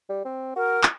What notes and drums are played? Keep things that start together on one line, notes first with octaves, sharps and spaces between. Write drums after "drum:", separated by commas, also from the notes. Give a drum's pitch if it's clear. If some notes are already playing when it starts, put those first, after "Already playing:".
G3
C4
F#4 A#4
drum: clap